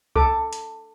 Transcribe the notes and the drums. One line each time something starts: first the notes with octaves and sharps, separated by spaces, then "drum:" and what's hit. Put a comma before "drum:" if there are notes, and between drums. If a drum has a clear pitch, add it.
A4 D6, drum: kick C2
drum: hi-hat